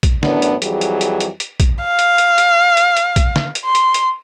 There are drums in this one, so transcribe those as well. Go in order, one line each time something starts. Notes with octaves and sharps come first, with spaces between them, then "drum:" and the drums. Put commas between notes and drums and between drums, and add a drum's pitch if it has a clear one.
drum: kick, hi-hat
F#2 A2 E3 B3 D4, drum: snare
drum: hi-hat
F2 E3 F#3 G3 G#4, drum: hi-hat
drum: hi-hat
drum: hi-hat
drum: hi-hat
drum: hi-hat
drum: kick, hi-hat
F5
drum: hi-hat
drum: hi-hat
drum: hi-hat
drum: hi-hat
drum: hi-hat
drum: kick, hi-hat
drum: snare
drum: hi-hat
C6
drum: hi-hat
drum: hi-hat